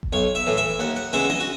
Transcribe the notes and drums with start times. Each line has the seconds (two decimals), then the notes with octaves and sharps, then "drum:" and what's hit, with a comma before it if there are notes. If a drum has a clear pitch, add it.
0.03 drum: kick G1
0.13 B1 C#5
0.35 E5
0.47 A2 E3
0.57 E5
0.79 D#2 F#5
0.96 F#5
1.13 C#3 E3 G#3 B3 E5
1.30 D#5, drum: tom C4
1.40 F#4